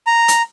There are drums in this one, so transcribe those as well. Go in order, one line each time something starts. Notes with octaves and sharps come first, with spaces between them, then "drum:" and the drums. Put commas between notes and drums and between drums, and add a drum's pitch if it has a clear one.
A#5
drum: hi-hat